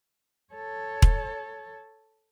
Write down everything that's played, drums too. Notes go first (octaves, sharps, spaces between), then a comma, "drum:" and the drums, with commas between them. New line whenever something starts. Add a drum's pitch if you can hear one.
A4 C#5
drum: kick E1